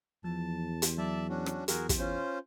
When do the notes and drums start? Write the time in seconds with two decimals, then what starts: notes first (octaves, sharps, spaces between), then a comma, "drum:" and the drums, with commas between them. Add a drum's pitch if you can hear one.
0.24 E2 F3 A5
0.82 drum: hi-hat
0.98 F#3 D5 E5 A5
1.29 C#4 D4 F#4
1.46 drum: rim click
1.68 E2 F#4 G#4 A#4, drum: hi-hat
1.89 drum: kick, hi-hat
1.98 C#4 F4 C5